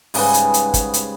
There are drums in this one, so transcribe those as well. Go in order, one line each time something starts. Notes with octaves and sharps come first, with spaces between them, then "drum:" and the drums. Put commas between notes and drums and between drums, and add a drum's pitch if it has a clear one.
G#2 C#3 G3 B4, drum: open hi-hat
drum: hi-hat
drum: hi-hat
drum: kick, hi-hat
drum: hi-hat